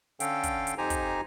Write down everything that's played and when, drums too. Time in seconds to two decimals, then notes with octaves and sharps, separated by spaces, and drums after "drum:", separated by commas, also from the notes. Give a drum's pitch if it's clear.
0.20 D3 C#4 A4 F5 G5, drum: hi-hat
0.43 drum: kick, hi-hat
0.67 drum: hi-hat
0.78 F2 D#4 G4 C5 G#5 A#5
0.90 drum: kick, hi-hat